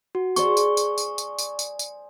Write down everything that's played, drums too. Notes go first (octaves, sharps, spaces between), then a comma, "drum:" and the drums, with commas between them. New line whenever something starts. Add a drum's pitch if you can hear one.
F#4
G#4 C5 D5 C#6, drum: tambourine
drum: tambourine
drum: tambourine
drum: tambourine
drum: tambourine
drum: tambourine
drum: tambourine
drum: tambourine